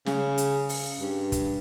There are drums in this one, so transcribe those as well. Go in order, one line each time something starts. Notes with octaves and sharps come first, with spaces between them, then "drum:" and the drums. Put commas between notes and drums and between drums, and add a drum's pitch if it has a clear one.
C#3, drum: snare
drum: hi-hat
drum: open hi-hat
G2
drum: kick, hi-hat